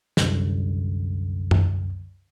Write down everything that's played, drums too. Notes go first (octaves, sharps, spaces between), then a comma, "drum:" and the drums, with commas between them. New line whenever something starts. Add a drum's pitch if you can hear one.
C2 F#2 D3, drum: snare
drum: tom F#2